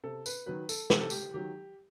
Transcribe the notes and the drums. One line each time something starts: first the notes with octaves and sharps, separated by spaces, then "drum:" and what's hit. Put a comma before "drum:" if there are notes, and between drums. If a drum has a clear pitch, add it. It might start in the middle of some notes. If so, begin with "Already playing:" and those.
C3 A4
B4, drum: tambourine
D#3 F#3 B4
A4, drum: tambourine
C3 G4, drum: snare
A4
G4, drum: tambourine
D#3 F#3 G4